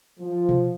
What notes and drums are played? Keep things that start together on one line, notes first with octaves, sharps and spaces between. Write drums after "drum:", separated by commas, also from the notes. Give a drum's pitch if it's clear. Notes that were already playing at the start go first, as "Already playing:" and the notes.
F3
drum: tom B2